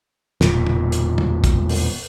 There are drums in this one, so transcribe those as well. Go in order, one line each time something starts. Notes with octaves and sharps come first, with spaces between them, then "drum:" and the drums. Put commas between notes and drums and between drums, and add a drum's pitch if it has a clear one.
E1 E2 A#2, drum: snare
drum: tom
drum: hi-hat
drum: tom
drum: kick, hi-hat
drum: open hi-hat